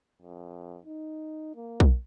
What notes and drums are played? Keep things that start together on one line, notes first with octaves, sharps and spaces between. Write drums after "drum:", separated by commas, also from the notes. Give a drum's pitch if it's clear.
F2
D#4
A#3
drum: kick